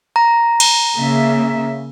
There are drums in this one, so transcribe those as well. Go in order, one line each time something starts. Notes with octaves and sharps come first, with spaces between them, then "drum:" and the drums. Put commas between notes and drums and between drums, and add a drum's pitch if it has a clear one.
A#5
drum: cymbal
C#3 A#3 E5